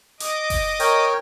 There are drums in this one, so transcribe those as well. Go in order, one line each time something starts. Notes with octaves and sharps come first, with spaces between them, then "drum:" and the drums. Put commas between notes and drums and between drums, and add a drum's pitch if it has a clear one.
D#5 D6 D#6, drum: hi-hat
drum: kick F#1, open hi-hat
A#4 C#5 G5, drum: hi-hat